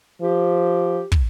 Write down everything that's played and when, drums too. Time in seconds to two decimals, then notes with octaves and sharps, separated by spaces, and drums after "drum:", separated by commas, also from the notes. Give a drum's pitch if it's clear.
0.21 F3 G4
1.12 drum: kick